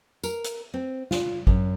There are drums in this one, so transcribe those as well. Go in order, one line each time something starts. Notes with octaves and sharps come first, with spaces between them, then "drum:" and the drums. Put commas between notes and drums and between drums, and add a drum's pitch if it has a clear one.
A#4, drum: tambourine
drum: hi-hat
C4
F4, drum: snare
F#2, drum: kick